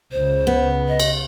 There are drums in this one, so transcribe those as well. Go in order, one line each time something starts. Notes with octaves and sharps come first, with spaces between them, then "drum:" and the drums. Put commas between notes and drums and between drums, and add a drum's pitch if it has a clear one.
C#2 C#3 C5
B3
D#5
drum: cymbal